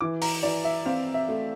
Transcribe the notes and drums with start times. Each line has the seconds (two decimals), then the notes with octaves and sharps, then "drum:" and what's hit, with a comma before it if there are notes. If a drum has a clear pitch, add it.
0.01 E3 D6
0.22 A#5, drum: open hi-hat
0.43 E3 D5
0.65 E5
0.85 C4 F5
1.14 E5
1.29 A3